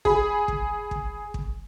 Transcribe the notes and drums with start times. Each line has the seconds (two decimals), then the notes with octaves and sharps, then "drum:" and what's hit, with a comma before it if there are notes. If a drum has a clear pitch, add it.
0.05 G#4 B5, drum: kick
0.48 drum: kick
0.91 drum: kick
1.34 drum: kick